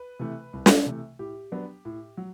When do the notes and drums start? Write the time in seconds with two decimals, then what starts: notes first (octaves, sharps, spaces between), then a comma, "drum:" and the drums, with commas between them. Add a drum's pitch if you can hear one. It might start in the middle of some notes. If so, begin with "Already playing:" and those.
Already playing: B4
0.19 C3 E3 A3
0.53 C2
0.66 drum: snare
0.86 C3 E3 A3
1.19 A2 G4
1.52 F#3 B3 D4
1.85 A2
2.17 F#3